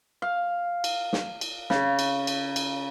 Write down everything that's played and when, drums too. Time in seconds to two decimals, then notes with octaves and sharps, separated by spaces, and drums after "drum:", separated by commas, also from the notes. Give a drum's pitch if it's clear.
0.22 F5
0.84 drum: cymbal
1.13 drum: snare
1.41 drum: cymbal
1.70 C#3, drum: snare
1.99 drum: cymbal
2.27 drum: cymbal
2.56 drum: cymbal